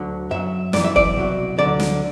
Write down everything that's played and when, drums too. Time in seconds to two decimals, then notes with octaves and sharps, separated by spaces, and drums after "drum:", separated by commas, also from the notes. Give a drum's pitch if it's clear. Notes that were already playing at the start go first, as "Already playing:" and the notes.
Already playing: D2 D3 F#3
0.31 F#2 F#3 E5
0.73 F#2 E3 D5, drum: snare
0.84 E5
0.96 D5, drum: kick
1.16 C2 B2 F#3
1.58 D2 D3 F#3 D5
1.80 drum: snare